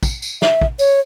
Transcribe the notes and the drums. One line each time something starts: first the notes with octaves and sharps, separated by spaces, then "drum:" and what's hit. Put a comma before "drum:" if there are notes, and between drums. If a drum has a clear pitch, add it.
drum: kick, tambourine
drum: tambourine
E5, drum: snare
drum: kick
C#5, drum: tambourine